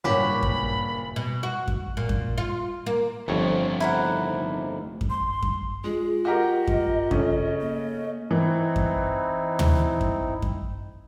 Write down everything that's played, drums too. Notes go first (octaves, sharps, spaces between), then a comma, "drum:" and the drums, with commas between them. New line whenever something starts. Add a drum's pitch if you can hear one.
F#1 G2 A#2 F#4 G4 C#5 B5
drum: kick F#2
B2
F#4
drum: kick F#2
A#2
drum: kick F#2
F4
A#3
G1 F2 F3 A3 C4 C#5
D#4 E4 A#4 F#5
drum: kick F#2
C6
drum: kick F#2
G#3 F4 G#4
F#4 G4 A#4 D#5
drum: kick F#2
C#3 A3 C#4, drum: kick F#2
A#3
E3 C4 D#4 E4
drum: kick F#2
drum: tom
drum: kick F#2
drum: kick F#2